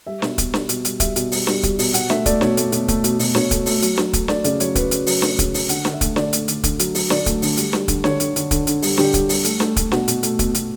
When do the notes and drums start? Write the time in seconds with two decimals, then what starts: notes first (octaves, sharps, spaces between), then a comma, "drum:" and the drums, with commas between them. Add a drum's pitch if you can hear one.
0.07 G3 E5
0.22 B2, drum: snare
0.38 B2, drum: kick, hi-hat
0.54 G3, drum: snare
0.69 B2, drum: hi-hat
0.85 G3, drum: hi-hat
1.00 G3 E5, drum: kick, hi-hat
1.16 B2, drum: hi-hat
1.32 G3, drum: open hi-hat
1.47 G3, drum: snare
1.63 G3, drum: kick, hi-hat
1.79 B2, drum: open hi-hat
1.94 B2 F#5, drum: hi-hat
2.10 A3 E5, drum: snare
2.26 A3 D5, drum: kick, hi-hat
2.41 B2 C#5, drum: snare
2.57 A3, drum: hi-hat
2.72 B2, drum: hi-hat
2.88 A3, drum: kick, hi-hat
3.04 B2, drum: hi-hat
3.19 B2, drum: open hi-hat
3.35 B2 C#5, drum: snare
3.51 A3, drum: kick, hi-hat
3.66 A3, drum: open hi-hat
3.82 F#3, drum: hi-hat
3.98 F#3, drum: snare
4.13 A3, drum: kick, hi-hat
4.28 A3 D5, drum: snare
4.44 C#3 D5, drum: hi-hat
4.60 F#3 C#5, drum: hi-hat
4.75 F#3 B4, drum: kick, hi-hat
4.91 C#3, drum: hi-hat
5.07 F#3, drum: open hi-hat
5.22 A3, drum: snare
5.39 C#3, drum: kick, hi-hat
5.54 C#3, drum: open hi-hat
5.69 D3 F#5, drum: hi-hat
5.85 D3 F#5, drum: snare
5.93 E5
6.01 A3, drum: kick, hi-hat
6.16 D3 D5, drum: snare
6.33 A3, drum: hi-hat
6.48 D3, drum: hi-hat
6.63 D3, drum: kick, hi-hat
6.79 F#3, drum: hi-hat
6.95 F#3, drum: open hi-hat
7.10 D3 D5, drum: snare
7.26 A3, drum: kick, hi-hat
7.42 D3, drum: open hi-hat
7.57 G3, drum: hi-hat
7.73 G3, drum: snare
7.88 D3, drum: kick, hi-hat
8.04 D3 C#5, drum: snare
8.20 D3, drum: hi-hat
8.36 D3, drum: hi-hat
8.51 D3, drum: kick, hi-hat
8.67 D3, drum: hi-hat
8.82 G3, drum: open hi-hat
8.98 D3 G4, drum: snare
9.14 G3, drum: kick, hi-hat
9.29 G3, drum: open hi-hat
9.44 A3, drum: hi-hat
9.60 A3, drum: snare
9.76 A3, drum: kick, hi-hat
9.92 B2 F#4, drum: snare
10.08 B2, drum: hi-hat
10.23 A3, drum: hi-hat
10.39 B2, drum: kick, hi-hat
10.54 B2, drum: hi-hat